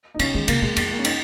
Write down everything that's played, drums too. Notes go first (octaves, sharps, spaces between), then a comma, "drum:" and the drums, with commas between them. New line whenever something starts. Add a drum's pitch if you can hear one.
D#4
C#3 C#4, drum: cymbal
D#3 G#3
C#3 A#3, drum: cymbal
A#2 G#3
F2 G#3, drum: cymbal
A#3
C#4
D#4, drum: cymbal